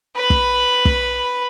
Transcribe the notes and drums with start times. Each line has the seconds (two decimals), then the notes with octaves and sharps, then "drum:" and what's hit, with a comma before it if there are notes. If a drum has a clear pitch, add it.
0.16 B4 B5
0.30 drum: kick
0.85 drum: kick